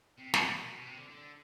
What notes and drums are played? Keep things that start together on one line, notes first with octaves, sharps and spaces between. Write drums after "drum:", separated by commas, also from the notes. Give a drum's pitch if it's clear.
C3
C3, drum: snare
A#2
B2
B2
C3
D3
D3